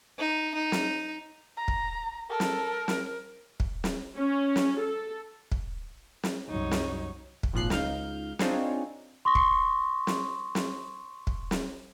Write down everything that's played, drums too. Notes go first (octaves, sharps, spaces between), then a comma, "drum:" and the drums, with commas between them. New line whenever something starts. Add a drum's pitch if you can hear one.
D#4
D#4
drum: snare
A#5
drum: kick
A4 A#4
drum: snare
drum: snare
drum: kick
drum: snare
C#4
drum: snare
A4
drum: kick
drum: snare
C2 F#2 D#4 C#5
drum: snare
drum: kick
G#1 A#2 F3 F#6 C7
C#2 D#4 F5 F6 G6, drum: snare
C4 D4 D#4 F4 G#4 C#5, drum: snare
C6 C#6 D#6 A#6
drum: kick
drum: snare
drum: snare
drum: kick
drum: snare